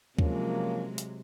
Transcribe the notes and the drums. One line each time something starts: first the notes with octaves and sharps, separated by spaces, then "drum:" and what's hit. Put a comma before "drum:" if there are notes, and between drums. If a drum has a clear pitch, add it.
C3 F3 F#3 G#3 A#3 C#4, drum: kick D2
drum: hi-hat